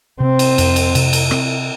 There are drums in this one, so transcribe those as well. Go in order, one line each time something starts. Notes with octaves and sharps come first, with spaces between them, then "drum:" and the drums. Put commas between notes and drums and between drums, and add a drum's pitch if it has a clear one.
C3 C4
drum: cymbal
F2, drum: cymbal
drum: cymbal
C3, drum: cymbal
drum: cymbal
C4, drum: rim click